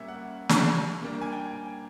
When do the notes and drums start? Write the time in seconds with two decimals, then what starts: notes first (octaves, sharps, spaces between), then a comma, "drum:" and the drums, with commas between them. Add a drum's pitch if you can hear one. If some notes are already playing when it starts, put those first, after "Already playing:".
Already playing: A#2 G3 A#3 C#4 E5
0.08 F#5
0.49 drum: snare
1.01 A#2 G3 A#3 D4
1.21 G#5
1.32 G5